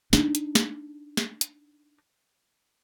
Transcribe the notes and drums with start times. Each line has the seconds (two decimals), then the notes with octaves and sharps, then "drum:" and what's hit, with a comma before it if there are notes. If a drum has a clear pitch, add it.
0.13 D4 D#4, drum: snare
0.35 drum: hi-hat
0.55 drum: snare
1.17 drum: snare
1.41 drum: hi-hat